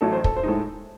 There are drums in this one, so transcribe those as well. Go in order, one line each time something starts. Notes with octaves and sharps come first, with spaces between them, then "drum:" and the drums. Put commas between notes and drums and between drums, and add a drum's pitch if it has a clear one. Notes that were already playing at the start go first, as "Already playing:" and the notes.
A1 A2 F#3 A3 A4
C5
A4, drum: kick
C5
A2 G#3 D#4 A4